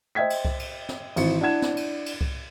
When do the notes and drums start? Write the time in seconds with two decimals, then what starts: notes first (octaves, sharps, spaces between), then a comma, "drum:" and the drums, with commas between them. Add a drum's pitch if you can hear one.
0.15 C5 D#5 E5 G5 G#6 B6
0.30 drum: cymbal
0.45 drum: kick C2
0.59 drum: cymbal
0.89 drum: snare
1.16 G#1 E3 C4 C#7, drum: cymbal
1.41 D4 E4 F#5 G#6 E7
1.62 drum: snare
1.77 drum: cymbal
2.06 drum: cymbal
2.21 drum: kick C2